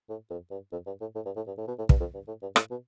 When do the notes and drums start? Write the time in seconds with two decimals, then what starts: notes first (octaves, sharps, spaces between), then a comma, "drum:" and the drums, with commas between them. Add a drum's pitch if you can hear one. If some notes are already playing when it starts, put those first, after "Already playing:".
0.09 A2
0.30 F2
0.51 G2
0.72 F2
0.87 G2
1.01 A2
1.15 A2
1.26 G2
1.36 A2
1.47 G2
1.58 A2
1.68 B2
1.79 A2
1.89 G2, drum: kick
2.00 F2
2.14 G2
2.28 A2
2.42 G2
2.56 A2, drum: rim click
2.71 B2